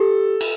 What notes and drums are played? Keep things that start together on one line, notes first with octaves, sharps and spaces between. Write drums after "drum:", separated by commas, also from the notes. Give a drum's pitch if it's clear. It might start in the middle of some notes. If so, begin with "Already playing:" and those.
Already playing: G4 A4
drum: cymbal